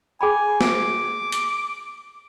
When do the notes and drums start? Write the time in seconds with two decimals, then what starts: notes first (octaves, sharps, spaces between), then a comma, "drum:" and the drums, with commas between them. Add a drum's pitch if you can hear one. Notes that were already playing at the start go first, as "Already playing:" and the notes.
0.21 G#4 G5 G#5 B5
0.61 D6, drum: snare
1.32 drum: hi-hat